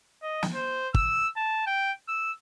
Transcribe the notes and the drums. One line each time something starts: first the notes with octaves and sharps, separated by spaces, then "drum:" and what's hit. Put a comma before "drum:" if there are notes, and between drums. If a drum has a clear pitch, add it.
D#5
drum: snare
C5
E6, drum: kick
A5
G5
E6